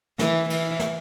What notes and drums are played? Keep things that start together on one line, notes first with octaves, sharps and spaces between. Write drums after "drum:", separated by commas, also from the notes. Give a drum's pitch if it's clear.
E3, drum: snare
E3, drum: cymbal
drum: snare